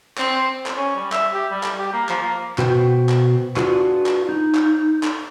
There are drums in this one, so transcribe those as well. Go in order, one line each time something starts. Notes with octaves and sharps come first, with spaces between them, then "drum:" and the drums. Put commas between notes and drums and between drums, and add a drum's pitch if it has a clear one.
C4, drum: clap
drum: clap
C#4
G3
E5, drum: clap
G4
G3
drum: clap
G4
A#3
F3, drum: clap
A#3
B2 F#4 B4 C5 G5, drum: clap
drum: clap
D4 F4 F#4 G#4 B4, drum: clap
drum: clap
D#4
drum: clap
drum: clap